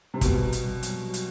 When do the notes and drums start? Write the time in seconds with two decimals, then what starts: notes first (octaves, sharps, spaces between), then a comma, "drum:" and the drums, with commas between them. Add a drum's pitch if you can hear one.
0.14 C3
0.21 B2 G3, drum: kick, hi-hat
0.42 F#4
0.52 drum: hi-hat
0.63 G3
0.83 F#3, drum: hi-hat
1.03 F#4
1.14 drum: hi-hat